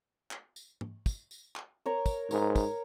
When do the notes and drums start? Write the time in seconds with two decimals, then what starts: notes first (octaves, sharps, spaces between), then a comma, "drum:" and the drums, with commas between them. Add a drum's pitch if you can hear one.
0.31 drum: clap
0.56 drum: tambourine
0.81 drum: tom G#2
1.06 drum: kick, tambourine
1.31 drum: tambourine
1.56 drum: clap
1.86 A#4 C#5 A#5
2.06 drum: kick, tambourine
2.31 G#2 A#4 C#5, drum: tambourine
2.56 drum: kick, tambourine